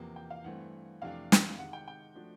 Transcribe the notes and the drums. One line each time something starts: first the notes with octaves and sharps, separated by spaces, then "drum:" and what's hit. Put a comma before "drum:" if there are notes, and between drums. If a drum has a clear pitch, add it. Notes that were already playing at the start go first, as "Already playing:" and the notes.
Already playing: E2 C3 F3 A#3
G5
F5
G2 E3 A3 C4 F#5
F2 C3 E3 A3 D4 F5
drum: snare
C3 D#3 G#3 F#5
G5
G5
F3 A3 D4 F#4